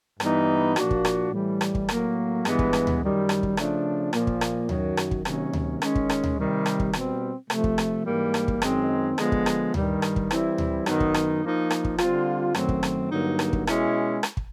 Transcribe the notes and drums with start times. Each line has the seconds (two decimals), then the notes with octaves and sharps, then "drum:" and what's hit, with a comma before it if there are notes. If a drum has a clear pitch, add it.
0.20 G2 E3 G3 B3 D#4, drum: rim click
0.76 A#2 F3 A#3 D4 F#4, drum: rim click
0.91 drum: kick
1.05 drum: rim click
1.32 A2 E3 G3
1.61 drum: rim click
1.75 drum: kick
1.89 A2 F#3 A#3, drum: rim click
2.45 G2 E3 G#3 B3, drum: rim click
2.59 drum: kick
2.73 drum: rim click
2.87 drum: tom D2
3.02 F#2 D#3 G3
3.29 drum: rim click
3.43 drum: kick
3.57 C#3 F3 A3 D4, drum: rim click
4.13 A#2 F3 A#3, drum: rim click
4.27 drum: kick
4.41 drum: rim click
4.69 F#2 D#3 F#3, drum: tom D2
4.97 drum: rim click
5.11 drum: kick
5.25 C3 D#3 F#3 A#3 C#4, drum: rim click
5.53 drum: tom D2
5.82 D#3 G#3 C#4, drum: rim click
5.95 drum: kick
6.10 drum: rim click
6.24 drum: tom D2
6.38 C3 D#3 G3
6.66 drum: rim click
6.80 drum: kick
6.93 B2 G3 C4, drum: rim click
7.50 C3 F3 A3, drum: rim click
7.64 drum: kick
7.78 drum: rim click
8.06 G#2 E3 G3 A#3
8.34 drum: rim click
8.48 drum: kick
8.62 F#2 D#3 G#3 C4 D#4, drum: rim click
9.18 D3 F3 G#3 B3, drum: rim click
9.32 drum: kick
9.46 drum: rim click
9.74 G2 D#3 G3, drum: tom D2
10.02 drum: rim click
10.16 drum: kick
10.31 E3 G3 C4 E4, drum: rim click
10.58 drum: tom D2
10.86 F#2 D#3 F#3 B3 D#4, drum: rim click
11.00 drum: kick
11.14 drum: rim click
11.43 F3 A#3 D#4
11.71 drum: rim click
11.85 drum: kick
11.98 D3 G3 C4 F4, drum: rim click
12.55 F#2 D#3 F#3 A3 C4, drum: rim click
12.69 drum: kick
12.83 drum: rim click
13.11 G2 D3 F#3 A#3 D#4
13.39 drum: rim click
13.53 drum: kick
13.67 B2 G#3 C#4 E4, drum: rim click
14.23 drum: rim click
14.37 drum: kick